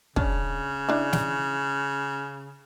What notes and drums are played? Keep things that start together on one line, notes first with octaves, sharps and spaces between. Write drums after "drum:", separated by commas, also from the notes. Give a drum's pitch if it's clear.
C#3 C#4 D4, drum: kick
D4 E4
drum: snare